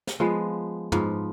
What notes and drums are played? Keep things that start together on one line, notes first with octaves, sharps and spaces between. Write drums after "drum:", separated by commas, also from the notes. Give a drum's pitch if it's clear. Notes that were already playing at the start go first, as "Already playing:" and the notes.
drum: snare
F3 G#3 B3
G#2 F3 B3, drum: tom